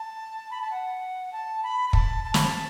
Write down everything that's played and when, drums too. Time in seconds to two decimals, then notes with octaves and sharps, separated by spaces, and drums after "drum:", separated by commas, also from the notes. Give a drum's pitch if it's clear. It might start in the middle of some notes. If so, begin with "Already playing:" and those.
Already playing: A5
0.51 B5
0.61 A5
0.71 F#5
1.32 A5
1.63 B5
1.90 B5
1.93 A5, drum: kick
2.24 A5
2.34 B5, drum: snare
2.44 A5